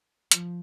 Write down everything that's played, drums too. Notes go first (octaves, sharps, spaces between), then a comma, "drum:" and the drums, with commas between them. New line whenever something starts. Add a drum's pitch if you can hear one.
F3, drum: hi-hat